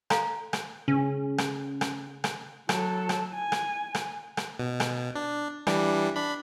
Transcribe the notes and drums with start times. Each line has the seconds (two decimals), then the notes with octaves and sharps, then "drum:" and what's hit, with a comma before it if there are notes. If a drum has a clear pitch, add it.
0.10 A4 F5 A#5, drum: rim click
0.53 drum: rim click
0.88 C#3 C#4
1.38 drum: rim click
1.81 drum: rim click
2.24 drum: rim click
2.69 F#3 A4, drum: rim click
3.09 drum: rim click
3.34 G#5
3.52 drum: rim click
3.95 drum: rim click
4.37 drum: rim click
4.59 B2
4.80 drum: rim click
5.16 D4
5.67 E3 G3 D4, drum: rim click
6.15 D4 B5